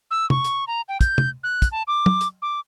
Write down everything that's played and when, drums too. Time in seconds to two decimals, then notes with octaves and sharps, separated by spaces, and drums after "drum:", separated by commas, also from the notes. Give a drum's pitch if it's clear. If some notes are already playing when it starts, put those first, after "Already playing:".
0.11 E6
0.30 C#6, drum: tom
0.45 drum: hi-hat
0.68 A#5
0.89 G5
1.01 G6, drum: kick, hi-hat
1.18 drum: tom
1.44 F#6
1.62 drum: kick, hi-hat
1.72 A5
1.88 D6
2.06 drum: tom
2.21 drum: hi-hat
2.42 D6